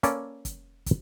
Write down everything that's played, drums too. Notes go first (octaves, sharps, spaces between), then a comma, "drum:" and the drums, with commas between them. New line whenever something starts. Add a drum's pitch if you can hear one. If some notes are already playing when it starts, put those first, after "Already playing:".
A#3 C#4 A4 B4 D5, drum: hi-hat
drum: kick, hi-hat
drum: kick, hi-hat